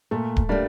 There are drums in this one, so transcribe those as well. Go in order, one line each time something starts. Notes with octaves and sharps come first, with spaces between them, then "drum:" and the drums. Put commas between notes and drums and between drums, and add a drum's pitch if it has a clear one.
A#2 A3
drum: kick D1
G3 A3 A#3 D4